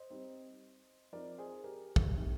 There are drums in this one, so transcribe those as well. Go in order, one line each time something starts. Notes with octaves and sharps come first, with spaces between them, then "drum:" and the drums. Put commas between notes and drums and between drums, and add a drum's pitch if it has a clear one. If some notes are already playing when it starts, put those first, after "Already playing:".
Already playing: C5 D#5
G3 C4 D#4
F3 C4 D#4 A#4 D5
G#4 C5
G4 A#4
drum: kick
C3 D#3 G3